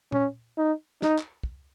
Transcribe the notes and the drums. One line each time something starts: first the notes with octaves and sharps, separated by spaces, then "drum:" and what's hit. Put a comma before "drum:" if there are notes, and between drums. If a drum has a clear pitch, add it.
C#4, drum: tom A#2
D#4
D#4, drum: snare
drum: clap
drum: kick